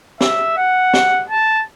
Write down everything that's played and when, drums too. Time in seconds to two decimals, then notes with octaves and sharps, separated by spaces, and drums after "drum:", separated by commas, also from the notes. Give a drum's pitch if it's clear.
0.21 E5, drum: snare
0.57 F#5
0.93 drum: snare
1.30 A5